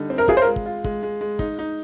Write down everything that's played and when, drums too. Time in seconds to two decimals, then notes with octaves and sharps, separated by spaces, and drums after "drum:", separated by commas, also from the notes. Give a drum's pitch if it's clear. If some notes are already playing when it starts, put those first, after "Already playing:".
Already playing: D3 G3 D#4
0.10 C4
0.18 A#4
0.28 F4 G#4, drum: kick
0.37 C5
0.42 A#4
0.46 G#3
0.56 drum: kick
0.66 F4
0.84 G#3, drum: kick
1.03 G#3
1.21 G#3
1.39 D#4, drum: kick
1.59 D#4